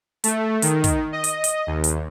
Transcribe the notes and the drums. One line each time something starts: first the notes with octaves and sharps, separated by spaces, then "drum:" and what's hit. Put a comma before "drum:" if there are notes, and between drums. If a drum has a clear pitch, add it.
A3, drum: hi-hat
D#3, drum: hi-hat
drum: kick, hi-hat
D#5
drum: hi-hat
drum: hi-hat
D#2
drum: hi-hat